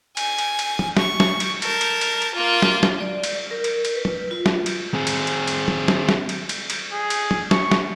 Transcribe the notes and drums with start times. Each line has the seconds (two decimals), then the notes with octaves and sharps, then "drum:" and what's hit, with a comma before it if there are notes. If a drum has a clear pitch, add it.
0.17 G#5, drum: cymbal
0.38 drum: cymbal
0.59 drum: cymbal
0.79 drum: tom
0.97 C#6, drum: snare
1.20 drum: snare
1.40 drum: cymbal
1.62 A#4 A5, drum: cymbal
1.81 drum: cymbal
2.01 drum: cymbal
2.22 drum: cymbal
2.34 A#3 F4
2.62 drum: snare
2.83 drum: snare
3.01 D5
3.24 drum: cymbal
3.51 A#4
3.64 drum: cymbal
3.85 drum: cymbal
3.95 B4
4.05 drum: tom
4.31 F4
4.46 drum: snare
4.66 drum: cymbal
4.94 C4 G#4
5.07 drum: cymbal
5.27 drum: cymbal
5.47 drum: cymbal
5.68 drum: tom
5.88 drum: snare
6.09 drum: snare
6.29 drum: cymbal
6.49 drum: cymbal
6.70 drum: cymbal
6.93 G#4
7.10 drum: cymbal
7.31 drum: tom
7.51 C#6, drum: snare
7.71 drum: snare